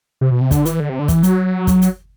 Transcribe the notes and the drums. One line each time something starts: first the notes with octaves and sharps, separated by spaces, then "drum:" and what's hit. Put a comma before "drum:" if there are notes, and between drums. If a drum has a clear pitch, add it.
C3
B2
C3
D3, drum: kick, hi-hat
E3, drum: hi-hat
D3
C3
D3
E3, drum: kick, hi-hat
F#3, drum: hi-hat
drum: kick, hi-hat
drum: hi-hat